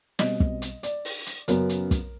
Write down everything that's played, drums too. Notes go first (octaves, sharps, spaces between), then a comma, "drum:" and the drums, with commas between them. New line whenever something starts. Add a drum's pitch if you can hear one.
B2 G3 C4 D#5, drum: snare
drum: kick
drum: hi-hat
D5, drum: hi-hat
drum: open hi-hat
drum: hi-hat
F#2 C#3 F#3 B3 A#4, drum: hi-hat
drum: hi-hat
drum: kick, hi-hat